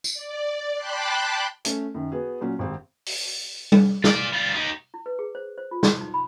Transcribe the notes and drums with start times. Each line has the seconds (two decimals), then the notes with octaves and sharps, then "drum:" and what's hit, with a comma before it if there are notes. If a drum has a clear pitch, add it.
0.04 drum: tambourine
0.14 D5
0.75 G5 A5 B5 C6 D6 F#6
1.65 A3 C#4, drum: hi-hat
1.94 F#2 D#3
2.12 B3 F#4 G#4
2.41 A#2 F#3 C#4
2.59 G#1 C4 G4
3.06 drum: open hi-hat
3.72 drum: tom G3
4.04 F4 D5, drum: snare
4.33 G3 F4
4.55 D#4 G4
4.94 E4
5.06 B4
5.19 G#4
5.35 C5
5.58 C5
5.71 F4
5.83 C6, drum: snare
6.01 D#4
6.14 B5